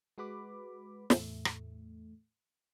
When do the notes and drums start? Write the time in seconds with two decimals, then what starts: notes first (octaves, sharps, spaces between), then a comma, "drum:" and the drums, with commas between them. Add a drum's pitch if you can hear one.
0.18 G#3 F#4 B4 B5 D6
1.10 E2 A2 A3, drum: snare
1.45 drum: rim click